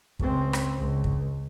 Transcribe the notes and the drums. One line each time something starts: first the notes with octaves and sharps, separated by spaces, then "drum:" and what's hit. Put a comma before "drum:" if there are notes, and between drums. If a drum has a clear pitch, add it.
C#2 C4, drum: kick
drum: rim click
C#2
drum: kick